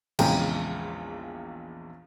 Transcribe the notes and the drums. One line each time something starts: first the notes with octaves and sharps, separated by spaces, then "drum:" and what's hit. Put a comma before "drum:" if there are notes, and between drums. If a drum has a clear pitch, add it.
A#1 E2 C#3 G#3 G5 A#5, drum: cymbal